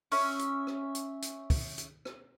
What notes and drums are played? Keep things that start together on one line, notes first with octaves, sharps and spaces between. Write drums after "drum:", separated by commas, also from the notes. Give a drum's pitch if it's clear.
C#4 E5, drum: open hi-hat
drum: hi-hat
drum: rim click
drum: hi-hat
drum: hi-hat
drum: kick, open hi-hat
drum: hi-hat
drum: rim click